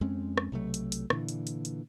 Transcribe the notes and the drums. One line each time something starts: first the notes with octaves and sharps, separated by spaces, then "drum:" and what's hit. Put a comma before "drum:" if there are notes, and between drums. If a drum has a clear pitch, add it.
F2 G#3 C4 C#4
drum: rim click
B1 C3 F#3 A3
drum: hi-hat
drum: hi-hat
A#2 D3 E3, drum: rim click
drum: hi-hat
drum: hi-hat
drum: hi-hat